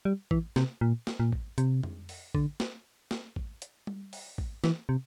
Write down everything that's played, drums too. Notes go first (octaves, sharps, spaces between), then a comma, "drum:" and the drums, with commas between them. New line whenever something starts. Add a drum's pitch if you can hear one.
G3
E3, drum: kick A1
C3, drum: snare
A#2
drum: snare
A#2
drum: kick A1
C3, drum: hi-hat
drum: tom F2
drum: open hi-hat
D3, drum: kick A1
drum: snare
drum: snare
drum: kick A1
drum: hi-hat
drum: tom G3
drum: open hi-hat
drum: kick A1
E3, drum: snare
C3